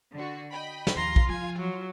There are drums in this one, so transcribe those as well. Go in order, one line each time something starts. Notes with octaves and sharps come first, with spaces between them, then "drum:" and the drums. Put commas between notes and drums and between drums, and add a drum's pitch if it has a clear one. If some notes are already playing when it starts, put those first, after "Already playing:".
D3 F#4
D#5 G5 B5
drum: snare
D#2 F4 A#5 C6
drum: kick
F3 G#5
F#3